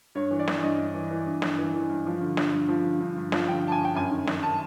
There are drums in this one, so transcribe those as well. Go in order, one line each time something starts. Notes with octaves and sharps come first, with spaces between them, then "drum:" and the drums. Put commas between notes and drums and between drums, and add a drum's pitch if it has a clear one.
G2 C#5
E3
D5
E3, drum: snare
G2 D#5
G2
E3
E3
G2
G2, drum: snare
E3
E3
G2
F3
D3
G2, drum: snare
G2
F3
D3
G2
G2
F3, drum: snare
D3 G5
G2 A5
G#5
G2 G5
F#2 G#5
D#3
D#3, drum: snare
A5